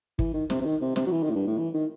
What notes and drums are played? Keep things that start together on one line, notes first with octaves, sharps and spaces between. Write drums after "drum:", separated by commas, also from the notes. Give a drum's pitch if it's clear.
E3, drum: kick
D#3
C3, drum: snare
C3
D#3
C3
C3, drum: snare
F#3
E3
D#3
A2
G2
A2
E3
D#3